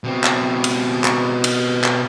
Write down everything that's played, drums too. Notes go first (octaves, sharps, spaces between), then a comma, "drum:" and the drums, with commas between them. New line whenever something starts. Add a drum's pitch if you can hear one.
B2 C4
drum: clap
drum: cymbal
drum: clap
drum: cymbal
drum: clap